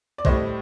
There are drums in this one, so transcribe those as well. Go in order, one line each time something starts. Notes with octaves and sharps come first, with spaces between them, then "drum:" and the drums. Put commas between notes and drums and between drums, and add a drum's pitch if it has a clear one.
D5
A2 G3 C5 D#5, drum: kick A#1